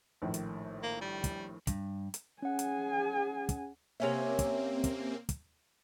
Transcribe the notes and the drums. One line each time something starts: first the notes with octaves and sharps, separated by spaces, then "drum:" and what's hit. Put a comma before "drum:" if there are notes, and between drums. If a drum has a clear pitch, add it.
A#1 A2 D#3
drum: hi-hat
A#3
G3
drum: kick, hi-hat
G2, drum: kick, hi-hat
drum: hi-hat
C#4 G#4 F#5 G#5
drum: hi-hat
drum: kick, hi-hat
C3 A#3 C4 C#4 E5
drum: kick, hi-hat
drum: kick, hi-hat
drum: kick, hi-hat